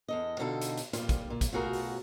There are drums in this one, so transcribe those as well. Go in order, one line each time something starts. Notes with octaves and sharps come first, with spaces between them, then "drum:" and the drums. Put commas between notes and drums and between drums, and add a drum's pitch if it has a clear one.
E2 A4 D#5
B2 D3 D#4 F4 A4
drum: hi-hat
drum: hi-hat
F2 A#2 G3 F4, drum: hi-hat
drum: kick, hi-hat
A#2
drum: kick, hi-hat
B2 A3 F4 F#4 G#4 A#4
drum: open hi-hat